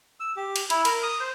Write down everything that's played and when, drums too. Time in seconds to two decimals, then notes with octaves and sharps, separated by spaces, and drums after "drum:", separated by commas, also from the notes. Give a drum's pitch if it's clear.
0.20 E6
0.36 G4
0.56 drum: cymbal
0.70 E4, drum: cymbal
0.85 A#4, drum: cymbal
1.03 D#6
1.20 C5